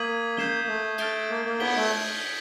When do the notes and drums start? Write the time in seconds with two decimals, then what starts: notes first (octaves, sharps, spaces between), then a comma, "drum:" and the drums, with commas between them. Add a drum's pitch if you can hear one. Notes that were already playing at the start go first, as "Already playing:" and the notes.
Already playing: A#3 D#6 G#6 B6 D#7 F#7
0.37 G6 C7 E7 G7, drum: snare
0.64 A#3
0.68 A3
0.98 A3 F6 A6 D7 G7, drum: cymbal
1.30 A#3
1.45 A#3
1.60 B3 G#6 B6 D7 G7, drum: cymbal
1.75 A3